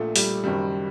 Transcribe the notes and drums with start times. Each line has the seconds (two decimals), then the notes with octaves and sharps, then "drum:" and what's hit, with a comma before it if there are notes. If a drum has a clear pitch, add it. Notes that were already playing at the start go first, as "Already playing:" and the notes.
Already playing: A#1 A#2 A3
0.16 G3, drum: open hi-hat
0.44 F#1 F#2 D#3 G3